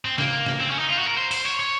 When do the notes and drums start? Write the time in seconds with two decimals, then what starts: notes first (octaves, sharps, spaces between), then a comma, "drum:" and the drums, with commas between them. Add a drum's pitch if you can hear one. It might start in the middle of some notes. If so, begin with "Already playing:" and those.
0.05 C4
0.18 A#3, drum: snare
0.46 drum: snare
0.60 C4
0.70 C#4
0.79 D#4
0.89 F4
0.98 F#4
1.07 A#4
1.17 C5
1.31 C5, drum: open hi-hat
1.45 C#5
1.59 C#5